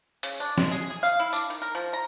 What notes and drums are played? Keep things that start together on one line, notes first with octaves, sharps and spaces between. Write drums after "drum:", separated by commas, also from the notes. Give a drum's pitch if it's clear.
C#3, drum: hi-hat
D4
G#3, drum: snare
G#4
G#4
F5
E4
D4, drum: tambourine
D#3
A#4
F3
A#5